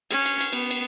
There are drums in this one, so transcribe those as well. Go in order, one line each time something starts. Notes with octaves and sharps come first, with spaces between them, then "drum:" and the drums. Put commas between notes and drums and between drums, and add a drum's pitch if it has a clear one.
C#4, drum: cymbal
drum: cymbal
drum: cymbal
B3, drum: cymbal
drum: cymbal